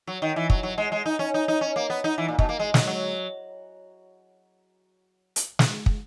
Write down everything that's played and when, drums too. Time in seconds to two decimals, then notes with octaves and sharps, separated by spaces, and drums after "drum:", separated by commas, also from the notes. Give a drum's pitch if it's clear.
0.07 F#3
0.22 D#3
0.36 E3
0.50 F#3, drum: kick
0.63 F#3
0.78 G#3
0.92 G#3
1.06 D#4
1.19 C#4
1.34 D#4
1.48 D#4
1.61 C#4
1.76 A#3
1.90 B3
2.04 D#4
2.18 E3
2.28 A#2
2.39 B2, drum: kick
2.49 A#3
2.59 G#3
2.74 F#3, drum: snare
2.87 F#3
5.36 drum: hi-hat
5.59 drum: snare
5.86 drum: kick